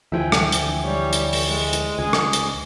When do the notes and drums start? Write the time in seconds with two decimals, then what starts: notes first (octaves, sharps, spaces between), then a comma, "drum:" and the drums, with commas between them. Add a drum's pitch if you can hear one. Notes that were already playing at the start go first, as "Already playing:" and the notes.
0.12 D2 E3 F3 E5 G5 G#5
0.32 drum: rim click
0.52 drum: hi-hat
0.85 G3 C#5
1.13 drum: hi-hat
1.33 drum: open hi-hat
1.48 G#3
1.73 drum: hi-hat
1.99 C#2 G#5 D#6
2.13 drum: rim click
2.33 drum: hi-hat